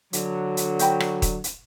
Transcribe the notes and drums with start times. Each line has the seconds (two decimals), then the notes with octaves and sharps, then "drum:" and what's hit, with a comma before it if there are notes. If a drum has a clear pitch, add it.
0.13 D3 F#3, drum: hi-hat
0.57 drum: hi-hat
0.79 F#4 C5 G5 B5, drum: hi-hat
1.00 drum: rim click
1.22 drum: kick D#1, hi-hat
1.44 drum: hi-hat